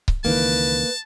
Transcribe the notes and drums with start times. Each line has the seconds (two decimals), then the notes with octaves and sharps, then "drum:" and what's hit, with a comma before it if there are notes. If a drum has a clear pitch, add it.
0.08 drum: kick C#1
0.25 C#2 D#3 E3 A#3 B4 A5